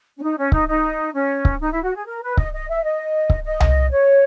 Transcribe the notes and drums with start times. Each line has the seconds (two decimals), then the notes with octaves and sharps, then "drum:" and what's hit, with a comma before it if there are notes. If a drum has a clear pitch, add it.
0.18 C#4
0.22 D#4
0.37 C#4
0.52 D#4, drum: kick C#1
0.68 D#4
1.14 C#4
1.45 drum: kick C#1
1.60 D#4
1.71 E4
1.83 F#4
1.95 G#4
2.06 A#4
2.22 B4
2.37 D#5, drum: kick C#1
2.53 D#5
2.69 E5
2.83 D#5
3.30 drum: kick C#1
3.44 D#5
3.60 drum: tom C2
3.92 C#5